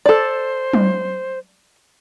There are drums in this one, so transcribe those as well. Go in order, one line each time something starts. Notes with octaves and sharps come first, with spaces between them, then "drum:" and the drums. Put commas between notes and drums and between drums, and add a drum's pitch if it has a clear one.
A4 C5 D5
drum: tom F#3